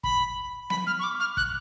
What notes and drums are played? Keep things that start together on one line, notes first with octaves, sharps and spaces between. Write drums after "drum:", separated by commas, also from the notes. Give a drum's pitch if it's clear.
B5, drum: kick
B5, drum: snare B3
F6
C#6
D6
F6
F#6, drum: kick